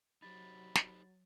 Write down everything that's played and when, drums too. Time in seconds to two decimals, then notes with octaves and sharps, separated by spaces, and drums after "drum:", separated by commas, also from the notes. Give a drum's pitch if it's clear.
0.22 F#3 D#4 G4 C5 B5 A6
0.75 drum: snare